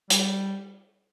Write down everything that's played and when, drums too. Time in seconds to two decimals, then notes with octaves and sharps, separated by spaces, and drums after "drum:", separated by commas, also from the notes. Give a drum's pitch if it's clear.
0.10 G3, drum: hi-hat